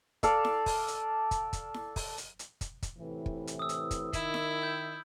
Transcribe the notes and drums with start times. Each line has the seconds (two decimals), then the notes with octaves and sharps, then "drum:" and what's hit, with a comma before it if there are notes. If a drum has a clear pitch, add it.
0.23 A4 D5 F5, drum: kick, hi-hat
0.45 drum: snare E4
0.66 drum: kick, open hi-hat
0.88 drum: hi-hat
1.31 drum: kick, hi-hat
1.53 drum: kick, hi-hat
1.74 drum: snare E4
1.96 drum: kick, open hi-hat
2.18 drum: hi-hat
2.39 drum: hi-hat
2.61 drum: kick, hi-hat
2.83 drum: kick, hi-hat
2.99 A2 C3 E3
3.26 drum: kick
3.47 drum: hi-hat
3.59 D#6 E6
3.69 drum: hi-hat
3.91 drum: kick, hi-hat
4.13 D#3 E4, drum: kick, hi-hat
4.34 drum: snare E4
4.63 G6